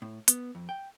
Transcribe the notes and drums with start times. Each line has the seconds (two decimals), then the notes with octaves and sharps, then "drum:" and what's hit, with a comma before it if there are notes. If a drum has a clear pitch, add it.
0.02 A2
0.28 B3, drum: hi-hat
0.55 F2
0.69 G5